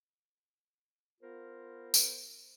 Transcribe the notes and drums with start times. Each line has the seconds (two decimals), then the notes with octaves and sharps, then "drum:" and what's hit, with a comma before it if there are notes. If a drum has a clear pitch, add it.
1.21 B3 F4 A#4 C5
1.94 drum: tambourine